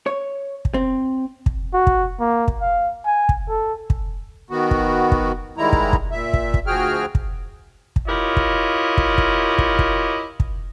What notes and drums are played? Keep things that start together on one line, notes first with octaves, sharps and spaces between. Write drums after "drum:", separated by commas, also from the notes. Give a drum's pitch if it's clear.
C#5
drum: kick
C4
drum: kick
F#4
drum: kick
A#3
drum: kick
F5
G#5
drum: kick
A4
drum: kick
D#3 B3 F#4
drum: kick
drum: kick
G#2 D#3 G3 G#3 E4 A#5
drum: kick
drum: kick
A#2 E5
drum: kick
drum: kick
D2 F3 F#4 G#4 G5 F6
drum: kick
drum: kick
E4 F4 G4 A#4 C#5 D#5
drum: kick
drum: kick
drum: kick
drum: kick
drum: kick
drum: kick